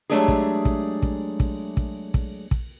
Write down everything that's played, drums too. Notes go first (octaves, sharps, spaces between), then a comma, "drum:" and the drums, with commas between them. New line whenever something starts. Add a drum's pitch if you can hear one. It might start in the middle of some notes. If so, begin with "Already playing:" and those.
F#3 G#3 A3 D4 G4 G#4
drum: kick
drum: kick
drum: kick
drum: kick
drum: kick
drum: kick
drum: kick